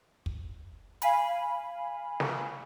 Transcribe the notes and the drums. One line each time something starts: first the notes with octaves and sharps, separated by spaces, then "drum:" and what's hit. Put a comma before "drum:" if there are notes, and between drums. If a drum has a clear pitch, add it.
drum: kick
F5 G#5 B5, drum: hi-hat
drum: snare